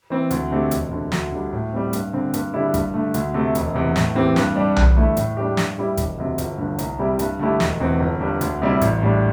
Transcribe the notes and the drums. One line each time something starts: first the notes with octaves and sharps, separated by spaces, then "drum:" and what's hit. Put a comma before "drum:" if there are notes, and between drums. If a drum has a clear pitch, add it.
E3 C4
D2, drum: hi-hat
D3 A3 C4 G4
E1, drum: hi-hat
D2 D3
D2, drum: snare
D3 G3
A2
G3 C4
G2, drum: hi-hat
D3 C4
G2, drum: hi-hat
D3 G3 E4
G2, drum: kick G#1, hi-hat
D3 A3
D2, drum: hi-hat
C3 A3
E1, drum: hi-hat
E2 C3
A2, drum: snare
E3 C4 G4
G2, drum: snare
G3 D4 G4
E2, drum: tom B1
D3 A3 E4
A2, drum: hi-hat
G3 D4 G4
G2, drum: snare
G3 E4 G4
E1, drum: kick G#1, hi-hat
D2 C3
G1, drum: hi-hat
G2 D3
C2, drum: hi-hat
C3 G3 E4 G4
G2, drum: hi-hat
D3 A3 E4 G4
E1, drum: snare
E2 E3 C4
G1
G2 G3
D2, drum: hi-hat
C3 G3 E4
A1, drum: hi-hat
A2 G3 D4